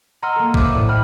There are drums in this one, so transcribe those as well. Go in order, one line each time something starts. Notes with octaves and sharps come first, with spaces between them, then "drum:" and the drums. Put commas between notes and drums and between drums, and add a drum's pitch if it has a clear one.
D#5 F#5 A#5 C6 E6 F6
A#3 A4
B4 C5 E5 D6, drum: kick
A2 D5
D#5 G5 B5 F6